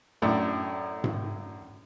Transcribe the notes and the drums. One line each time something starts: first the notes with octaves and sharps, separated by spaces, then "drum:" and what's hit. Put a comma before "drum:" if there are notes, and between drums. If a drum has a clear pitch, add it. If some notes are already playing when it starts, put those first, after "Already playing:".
F#2 A2 D4
drum: tom G#2